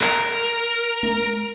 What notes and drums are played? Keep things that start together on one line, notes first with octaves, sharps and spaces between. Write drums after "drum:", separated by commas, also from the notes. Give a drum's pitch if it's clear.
A#4, drum: clap
drum: tom G#3